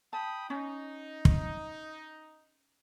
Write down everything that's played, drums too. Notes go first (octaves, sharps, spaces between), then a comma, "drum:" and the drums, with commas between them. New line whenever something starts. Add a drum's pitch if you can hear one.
G5 A5 B5 D#6
C#4 D#4
drum: kick